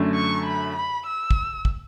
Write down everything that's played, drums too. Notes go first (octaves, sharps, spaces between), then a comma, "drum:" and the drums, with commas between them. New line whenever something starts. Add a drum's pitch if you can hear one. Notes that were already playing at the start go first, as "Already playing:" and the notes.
Already playing: F#2 D3 A3
C#6
B5
B5
E6
drum: kick
drum: kick